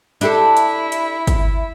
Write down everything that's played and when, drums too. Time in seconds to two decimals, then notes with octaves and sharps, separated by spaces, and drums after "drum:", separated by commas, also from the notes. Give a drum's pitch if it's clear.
0.21 D4 E4 G4 A4, drum: hi-hat
0.57 drum: hi-hat
0.92 drum: hi-hat
1.27 drum: kick, hi-hat